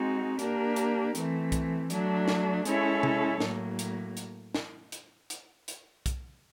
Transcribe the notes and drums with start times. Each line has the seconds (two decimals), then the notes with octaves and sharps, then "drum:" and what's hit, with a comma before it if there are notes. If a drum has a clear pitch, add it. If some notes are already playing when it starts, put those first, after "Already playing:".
Already playing: G#3 C4 D#4 F#4
0.39 A#3 D4 G4 A#4, drum: hi-hat
0.76 drum: hi-hat
1.15 E3 A3 C4, drum: hi-hat
1.52 drum: kick, hi-hat
1.90 F#3 A3 D4, drum: hi-hat
2.28 drum: snare
2.65 G#3 C#4 E4 A4 C#5, drum: hi-hat
3.03 drum: tom C3
3.40 A2 F#3 A#3, drum: snare
3.79 drum: hi-hat
4.17 drum: hi-hat
4.55 drum: snare
4.92 drum: hi-hat
5.30 drum: hi-hat
5.68 drum: hi-hat
6.06 drum: kick, hi-hat